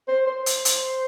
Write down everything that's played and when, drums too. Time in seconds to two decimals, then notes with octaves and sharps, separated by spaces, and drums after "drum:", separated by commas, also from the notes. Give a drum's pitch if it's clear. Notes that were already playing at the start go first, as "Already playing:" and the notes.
0.08 C5
0.27 C5
0.46 drum: hi-hat
0.65 drum: hi-hat